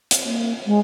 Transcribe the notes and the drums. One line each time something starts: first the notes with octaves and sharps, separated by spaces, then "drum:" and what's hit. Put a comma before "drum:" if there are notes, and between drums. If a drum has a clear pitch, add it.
drum: hi-hat
A#3
G#3